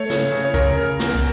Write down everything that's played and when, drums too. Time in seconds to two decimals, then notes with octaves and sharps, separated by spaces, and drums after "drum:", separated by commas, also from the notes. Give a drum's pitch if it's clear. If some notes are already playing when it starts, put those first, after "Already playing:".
Already playing: A3 C#5
0.10 C#3, drum: snare
0.32 C#3
0.45 C#5
0.54 C#3 A#4, drum: kick, hi-hat
0.77 C#3
0.99 E2, drum: snare
1.14 drum: kick, hi-hat